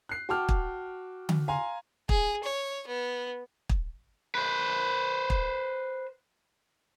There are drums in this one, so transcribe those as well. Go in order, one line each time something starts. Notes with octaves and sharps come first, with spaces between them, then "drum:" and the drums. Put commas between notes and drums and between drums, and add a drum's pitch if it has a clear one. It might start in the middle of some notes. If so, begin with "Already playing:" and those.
F#6 C7
F#4 G5 A5 D6 F6
drum: kick
drum: tom D3
F5 G#5 A#5 C6
G#4, drum: kick
C#5
B3
drum: kick
B4 C5
drum: kick